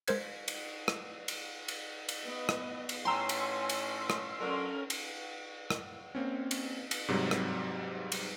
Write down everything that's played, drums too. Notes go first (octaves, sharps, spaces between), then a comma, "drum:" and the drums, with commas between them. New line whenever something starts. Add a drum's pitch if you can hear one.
G#3 A#4 C5 G#6, drum: cymbal
drum: cymbal
drum: rim click
drum: cymbal
drum: cymbal
drum: cymbal
B3 D#5
drum: rim click
drum: cymbal
A2 C#4 G5 G#5 A#5 C6 E6
drum: cymbal
drum: cymbal
drum: rim click
F#3 C#4 D4 A4 A#4
drum: cymbal
drum: rim click
A#3 C4 C#4
drum: cymbal
drum: cymbal
G#2 C3 F#3 G3
drum: rim click
drum: cymbal